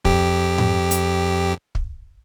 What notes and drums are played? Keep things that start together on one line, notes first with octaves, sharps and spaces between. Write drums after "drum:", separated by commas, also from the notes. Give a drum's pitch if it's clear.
F2 G4, drum: kick
drum: tom G#2
drum: hi-hat
drum: kick